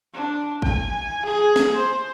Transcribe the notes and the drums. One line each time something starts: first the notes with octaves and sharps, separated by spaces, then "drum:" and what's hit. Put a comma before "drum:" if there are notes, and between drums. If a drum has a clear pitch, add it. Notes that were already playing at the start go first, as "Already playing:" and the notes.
D4
G#5, drum: kick
G#4
drum: snare
C5